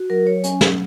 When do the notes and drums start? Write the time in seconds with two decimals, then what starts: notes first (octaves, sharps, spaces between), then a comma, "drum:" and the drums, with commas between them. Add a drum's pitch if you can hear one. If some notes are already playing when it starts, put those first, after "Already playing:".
Already playing: F#4
0.10 F#3 A#4
0.27 F#3 C#5
0.44 C#4 G#5, drum: hi-hat
0.61 F#3, drum: snare